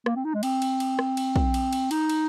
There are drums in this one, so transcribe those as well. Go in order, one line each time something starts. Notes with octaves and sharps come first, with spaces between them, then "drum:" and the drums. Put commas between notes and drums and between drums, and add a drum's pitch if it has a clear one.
A#3, drum: rim click
C4
D#4
G#3
C4, drum: cymbal
drum: cymbal
drum: cymbal
drum: rim click
drum: cymbal
drum: kick
drum: cymbal
drum: cymbal
D#4, drum: cymbal
drum: cymbal